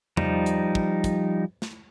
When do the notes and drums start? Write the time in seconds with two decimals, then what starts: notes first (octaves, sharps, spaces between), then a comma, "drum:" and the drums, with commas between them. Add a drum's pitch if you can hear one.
0.17 F3 G3 D#4, drum: tom E2
0.46 drum: hi-hat
0.75 drum: kick
1.04 drum: kick, hi-hat
1.62 drum: snare